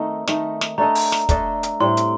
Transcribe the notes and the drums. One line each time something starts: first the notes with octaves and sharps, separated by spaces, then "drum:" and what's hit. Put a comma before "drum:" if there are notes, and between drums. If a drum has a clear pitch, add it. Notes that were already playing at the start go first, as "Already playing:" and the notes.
Already playing: D#3 A3 C4 D#4
D#3 A3 D#4, drum: snare
drum: snare
A3 D4 A4 D#5 A#5
drum: open hi-hat
drum: snare
A3 D4 A4 D#5, drum: kick, hi-hat
drum: hi-hat
A2 G3 C4 C6
drum: hi-hat